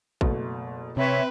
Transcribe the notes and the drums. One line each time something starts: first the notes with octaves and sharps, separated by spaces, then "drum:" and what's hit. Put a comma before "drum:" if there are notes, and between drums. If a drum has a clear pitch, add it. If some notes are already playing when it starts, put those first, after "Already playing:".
F#1 B2 A3, drum: kick A1
C3 C4 B4 C#5 E5